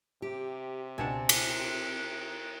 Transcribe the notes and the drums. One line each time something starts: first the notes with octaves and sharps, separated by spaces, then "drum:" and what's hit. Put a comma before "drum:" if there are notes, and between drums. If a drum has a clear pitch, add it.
C3 G4
C#2 B2 C4 D4 G#5 A5 C#7
drum: cymbal